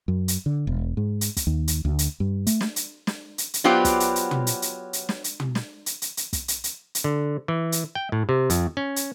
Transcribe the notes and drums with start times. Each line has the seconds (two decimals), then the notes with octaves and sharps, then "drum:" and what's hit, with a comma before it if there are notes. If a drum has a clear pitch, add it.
0.08 F#2
0.28 drum: hi-hat
0.46 D3
0.67 E1
0.97 G#2
1.21 drum: hi-hat
1.37 drum: kick, hi-hat
1.47 D#2
1.68 drum: hi-hat
1.85 D2
1.99 drum: hi-hat
2.20 G2
2.47 A3, drum: hi-hat
2.61 drum: snare
2.76 drum: hi-hat
3.07 drum: snare
3.38 drum: hi-hat
3.54 drum: hi-hat
3.64 F#3 B3 F4 G4 C5 D5
3.85 drum: kick, hi-hat
4.00 drum: hi-hat
4.16 drum: hi-hat
4.31 drum: tom
4.47 drum: hi-hat
4.62 drum: hi-hat
4.93 drum: hi-hat
5.09 drum: snare
5.24 drum: hi-hat
5.40 drum: tom
5.55 drum: snare
5.86 drum: hi-hat
6.02 drum: hi-hat
6.17 drum: hi-hat
6.33 drum: kick, hi-hat
6.48 drum: hi-hat
6.64 drum: hi-hat
6.95 drum: hi-hat
7.04 D3
7.48 E3
7.72 drum: hi-hat
7.95 G5
8.12 A2
8.29 C3
8.50 F2, drum: hi-hat
8.77 C#4
8.96 drum: hi-hat